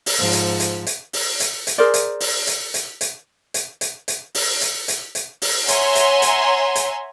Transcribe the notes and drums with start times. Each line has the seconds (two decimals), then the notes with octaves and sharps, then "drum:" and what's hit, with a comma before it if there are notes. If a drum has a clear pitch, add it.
0.06 drum: open hi-hat
0.19 G#2 F3
0.33 drum: hi-hat
0.60 drum: hi-hat
0.87 drum: hi-hat
1.13 drum: open hi-hat
1.40 drum: hi-hat
1.67 drum: hi-hat
1.78 G#4 A#4 C5 D5
1.94 drum: hi-hat
2.20 drum: open hi-hat
2.47 drum: hi-hat
2.74 drum: hi-hat
3.01 drum: hi-hat
3.54 drum: hi-hat
3.81 drum: hi-hat
4.08 drum: hi-hat
4.35 drum: open hi-hat
4.61 drum: hi-hat
4.88 drum: hi-hat
5.15 drum: hi-hat
5.42 drum: open hi-hat
5.68 C#5 E5 F#5 G#5 A#5 C6, drum: hi-hat
5.95 drum: hi-hat
6.22 drum: hi-hat
6.75 drum: hi-hat